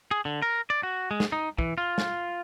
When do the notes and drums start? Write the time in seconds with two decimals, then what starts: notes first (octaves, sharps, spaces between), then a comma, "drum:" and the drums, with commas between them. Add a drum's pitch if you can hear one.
0.11 G#4
0.25 D3
0.42 A#4
0.70 D5
0.83 F#4
1.11 G#3
1.20 drum: snare
1.32 D#4
1.59 E3, drum: kick
1.78 F4
1.98 drum: snare